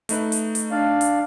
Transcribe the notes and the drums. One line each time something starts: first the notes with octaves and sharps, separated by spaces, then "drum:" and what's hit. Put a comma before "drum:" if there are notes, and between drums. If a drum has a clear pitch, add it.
A3 D#4 B4, drum: hi-hat
drum: hi-hat
drum: hi-hat
D4 D5 F5
drum: hi-hat